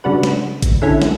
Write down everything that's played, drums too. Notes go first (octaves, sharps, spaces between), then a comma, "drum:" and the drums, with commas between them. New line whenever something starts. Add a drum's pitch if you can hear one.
C#3 G3 D4 F#4 B4
drum: snare
drum: kick G#1, hi-hat
D3 A3 C#4 E4
drum: snare